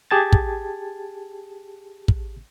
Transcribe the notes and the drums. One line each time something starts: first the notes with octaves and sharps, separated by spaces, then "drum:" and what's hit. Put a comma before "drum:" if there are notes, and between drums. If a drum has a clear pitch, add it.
G4 G#4 A5 G#6 A6
drum: kick
drum: kick